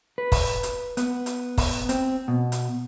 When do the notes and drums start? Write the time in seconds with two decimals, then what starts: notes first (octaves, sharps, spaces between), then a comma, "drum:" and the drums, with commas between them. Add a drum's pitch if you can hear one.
0.18 B4
0.32 drum: kick, open hi-hat
0.63 drum: hi-hat
0.97 B3, drum: hi-hat
1.26 drum: hi-hat
1.58 drum: kick, open hi-hat
1.89 C4, drum: hi-hat
2.28 B2
2.52 drum: hi-hat